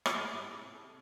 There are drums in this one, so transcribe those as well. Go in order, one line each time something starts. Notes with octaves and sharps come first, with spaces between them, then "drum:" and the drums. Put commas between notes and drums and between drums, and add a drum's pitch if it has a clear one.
G4, drum: rim click
A2 F#4
A2 G4
C3 G#4
C3 A4